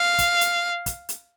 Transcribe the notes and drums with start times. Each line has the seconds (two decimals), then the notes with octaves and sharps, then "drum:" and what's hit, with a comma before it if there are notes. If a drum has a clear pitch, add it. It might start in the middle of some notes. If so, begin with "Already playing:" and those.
Already playing: F5
0.19 drum: kick, hi-hat
0.41 drum: hi-hat
0.86 drum: kick, hi-hat
1.09 drum: hi-hat